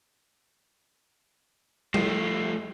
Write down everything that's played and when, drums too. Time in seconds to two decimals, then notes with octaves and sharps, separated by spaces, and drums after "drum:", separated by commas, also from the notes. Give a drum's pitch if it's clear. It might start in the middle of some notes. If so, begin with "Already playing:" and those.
1.94 F3 A3, drum: tom G3